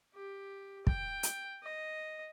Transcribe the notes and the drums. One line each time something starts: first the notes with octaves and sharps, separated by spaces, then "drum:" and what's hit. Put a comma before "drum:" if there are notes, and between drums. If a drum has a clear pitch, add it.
G4
G5, drum: kick
drum: hi-hat
D#5